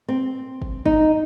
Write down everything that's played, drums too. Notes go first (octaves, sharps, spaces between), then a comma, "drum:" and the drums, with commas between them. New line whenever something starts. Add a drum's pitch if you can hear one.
C4
drum: kick
D#4, drum: kick